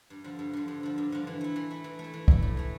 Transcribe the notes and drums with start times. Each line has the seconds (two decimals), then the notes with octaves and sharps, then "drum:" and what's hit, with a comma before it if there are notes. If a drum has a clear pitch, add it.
0.10 G2
0.24 D3 F3
0.39 G2
0.53 D3 F3
0.68 G2
0.83 D3 F3
0.98 G2
1.12 D3 F3
1.27 E3
1.41 A3 E4
1.56 E3
1.70 A3 E4
1.84 E3
1.99 A3
2.04 E4
2.14 E3
2.28 A3 E4, drum: kick
2.42 A2
2.57 E3 A3